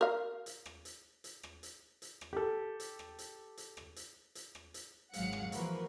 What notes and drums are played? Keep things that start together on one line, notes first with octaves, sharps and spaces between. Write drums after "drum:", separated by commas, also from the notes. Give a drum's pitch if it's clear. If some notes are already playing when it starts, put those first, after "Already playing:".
A#4 F5
drum: hi-hat
drum: rim click
drum: hi-hat
drum: hi-hat
drum: rim click
drum: hi-hat
drum: hi-hat
drum: rim click
G4 A4
drum: hi-hat
drum: rim click
drum: hi-hat
drum: hi-hat
drum: rim click
drum: hi-hat
drum: hi-hat
drum: rim click
drum: hi-hat
G#1 F#3 G#3 F5 F#5 C#7, drum: hi-hat
drum: rim click
E3 F3 A#3 F#4 A#4 B4, drum: hi-hat